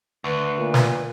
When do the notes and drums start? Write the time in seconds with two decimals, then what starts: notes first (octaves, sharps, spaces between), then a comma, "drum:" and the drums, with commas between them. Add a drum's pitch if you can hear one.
0.24 D2 B4
0.59 A#2
0.74 drum: snare